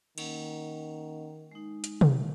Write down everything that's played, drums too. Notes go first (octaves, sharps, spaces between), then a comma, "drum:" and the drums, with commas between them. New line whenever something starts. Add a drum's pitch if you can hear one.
D#3 A#3 C#4 F#5, drum: cymbal
G#3 D#4
drum: hi-hat
drum: tom